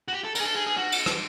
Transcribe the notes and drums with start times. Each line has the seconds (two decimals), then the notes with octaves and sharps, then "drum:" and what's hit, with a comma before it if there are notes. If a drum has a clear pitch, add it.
0.08 F#4
0.13 G4
0.24 A4
0.35 A#4, drum: cymbal
0.40 G#4
0.46 A4
0.56 G#4
0.67 G#4
0.77 F#4
0.92 drum: cymbal
1.06 drum: rim click